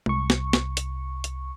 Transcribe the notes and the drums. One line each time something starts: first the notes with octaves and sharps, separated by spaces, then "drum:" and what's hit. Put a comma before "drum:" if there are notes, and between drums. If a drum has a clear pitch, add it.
C2 C#6, drum: tom G#3
drum: snare
drum: snare
drum: hi-hat
drum: hi-hat